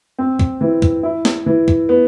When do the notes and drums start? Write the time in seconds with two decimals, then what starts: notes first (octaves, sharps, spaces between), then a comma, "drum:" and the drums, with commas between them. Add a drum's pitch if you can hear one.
0.18 C4
0.39 drum: kick
0.61 E3
0.82 drum: kick
1.03 E4
1.25 drum: snare
1.46 E3
1.68 drum: kick
1.89 B3